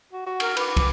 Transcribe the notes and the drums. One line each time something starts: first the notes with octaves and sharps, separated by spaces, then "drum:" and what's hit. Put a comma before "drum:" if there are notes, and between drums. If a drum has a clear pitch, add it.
F#4
F#4
A#4 F6, drum: cymbal
B4 D6, drum: cymbal
drum: kick, cymbal